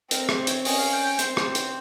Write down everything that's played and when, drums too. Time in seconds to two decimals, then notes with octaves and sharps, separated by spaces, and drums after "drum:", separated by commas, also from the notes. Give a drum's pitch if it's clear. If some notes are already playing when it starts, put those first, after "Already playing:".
0.11 C4 A#4, drum: hi-hat
0.29 C5, drum: rim click
0.47 C#5, drum: hi-hat
0.65 C#4 D#5, drum: open hi-hat
0.79 F5
0.93 G5
1.05 G5
1.19 C4 C5, drum: hi-hat
1.37 drum: rim click
1.55 drum: hi-hat